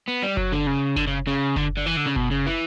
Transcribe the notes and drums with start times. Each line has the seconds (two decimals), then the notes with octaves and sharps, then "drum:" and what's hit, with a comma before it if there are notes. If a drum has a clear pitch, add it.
0.08 B3
0.23 G3
0.37 F#3, drum: kick F#1
0.52 D3
0.67 C#3
0.96 D3, drum: kick F#1
1.07 C#3
1.27 C#3
1.56 D3, drum: kick F#1
1.77 D3
1.86 E3
1.97 D3
2.06 C#3
2.16 B2, drum: kick F#1
2.31 C#3
2.46 E3